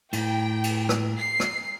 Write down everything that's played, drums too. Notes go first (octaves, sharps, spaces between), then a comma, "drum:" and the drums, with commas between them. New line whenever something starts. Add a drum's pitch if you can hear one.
A2 G5, drum: cymbal
drum: cymbal
drum: rim click
C7
drum: rim click